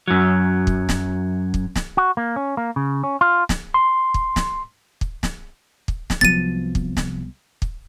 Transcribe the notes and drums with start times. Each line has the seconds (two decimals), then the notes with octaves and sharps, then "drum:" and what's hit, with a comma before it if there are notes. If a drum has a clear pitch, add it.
0.08 F#2 F#3
0.67 drum: kick
0.89 drum: snare
1.54 drum: kick
1.76 drum: snare
1.97 F#4
2.17 A#3
2.36 C#4
2.57 A#3
2.76 C#3
3.04 C#4
3.21 F4
3.49 drum: snare
3.74 C6
4.14 drum: kick
4.36 drum: snare
5.01 drum: kick
5.23 drum: snare
5.88 drum: kick
6.10 drum: snare
6.21 C2 C3 F3 F#3 B3 A6 D#7
6.75 drum: kick
6.97 drum: snare
7.62 drum: kick